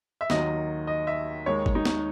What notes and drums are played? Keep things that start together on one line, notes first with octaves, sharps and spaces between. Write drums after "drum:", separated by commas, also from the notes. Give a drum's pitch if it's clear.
E5
D#2 D#3 F#3 D#5, drum: snare
D#5
E5
D#2 D#3 G#3 C#5
drum: kick
D#4
drum: snare